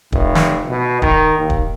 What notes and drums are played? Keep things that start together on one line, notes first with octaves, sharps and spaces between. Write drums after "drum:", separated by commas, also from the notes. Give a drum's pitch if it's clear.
F1, drum: kick
drum: snare
B2
D#3, drum: kick
D#2
drum: kick